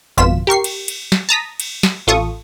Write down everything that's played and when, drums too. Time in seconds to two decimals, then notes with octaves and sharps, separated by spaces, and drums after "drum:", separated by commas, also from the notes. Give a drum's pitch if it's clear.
0.17 G#1 F2 B2 F4 B6 E7
0.47 G4 A#4 C#6 C7
0.64 drum: cymbal
0.88 drum: cymbal
1.12 drum: snare
1.29 A5 A#5 D#6 B6
1.60 drum: cymbal
1.83 drum: snare
2.07 A1 F4 A4 C#6 D#6